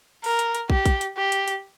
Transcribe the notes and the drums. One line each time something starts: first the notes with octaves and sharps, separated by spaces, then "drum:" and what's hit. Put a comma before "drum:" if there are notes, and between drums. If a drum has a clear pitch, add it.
A#4, drum: open hi-hat
drum: hi-hat
drum: hi-hat
G4, drum: kick
drum: kick, hi-hat
drum: hi-hat
G4
drum: hi-hat
drum: hi-hat